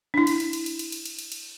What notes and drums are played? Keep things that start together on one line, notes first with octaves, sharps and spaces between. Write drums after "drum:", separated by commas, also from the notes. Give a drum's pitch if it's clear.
D4 E4
drum: cymbal
drum: cymbal
drum: cymbal
drum: cymbal
drum: cymbal
drum: cymbal
drum: cymbal
drum: cymbal
drum: cymbal